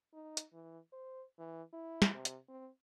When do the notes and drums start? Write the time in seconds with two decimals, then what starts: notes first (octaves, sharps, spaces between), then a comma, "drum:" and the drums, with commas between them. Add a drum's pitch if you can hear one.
0.14 D#4
0.37 drum: hi-hat
0.53 E3
0.93 C5
1.39 E3
1.73 E4
2.02 drum: snare
2.14 C3
2.25 drum: hi-hat
2.48 C4